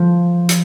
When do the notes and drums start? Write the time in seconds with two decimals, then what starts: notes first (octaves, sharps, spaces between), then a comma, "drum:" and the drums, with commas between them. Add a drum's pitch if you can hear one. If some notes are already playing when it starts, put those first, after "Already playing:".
Already playing: F3
0.49 drum: hi-hat